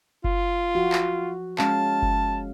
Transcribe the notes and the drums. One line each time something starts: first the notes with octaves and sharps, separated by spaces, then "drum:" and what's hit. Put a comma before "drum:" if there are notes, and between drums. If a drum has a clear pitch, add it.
F4, drum: kick F#1
F3 F#4
drum: clap
G#3 C#4 F5 A5, drum: clap
drum: kick F#1